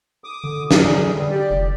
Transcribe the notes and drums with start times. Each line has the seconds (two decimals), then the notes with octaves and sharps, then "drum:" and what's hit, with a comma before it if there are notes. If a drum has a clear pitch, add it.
0.24 D6 D#6
0.44 D3
0.71 G3 G#4, drum: snare
1.07 E2 G3
1.31 G4 D5
1.50 F1